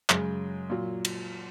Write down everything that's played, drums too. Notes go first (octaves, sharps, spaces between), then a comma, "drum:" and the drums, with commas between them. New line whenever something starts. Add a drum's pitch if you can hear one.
F#2 C#3 G#3, drum: clap
A#2 F#3
drum: cymbal